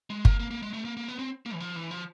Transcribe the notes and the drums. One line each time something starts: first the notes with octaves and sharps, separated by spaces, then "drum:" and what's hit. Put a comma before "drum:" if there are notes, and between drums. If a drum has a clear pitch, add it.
G#3
A#3, drum: kick
A#3
A#3
G#3
A3
A#3
A#3
B3
C4
A#3
E3
F3
E3
F3